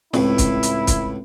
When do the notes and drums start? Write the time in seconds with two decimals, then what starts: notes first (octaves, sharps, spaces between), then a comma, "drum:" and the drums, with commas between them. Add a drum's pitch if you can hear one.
0.14 C#2 A2 C4 E4, drum: snare
0.38 drum: kick, hi-hat
0.63 drum: hi-hat
0.87 drum: kick, hi-hat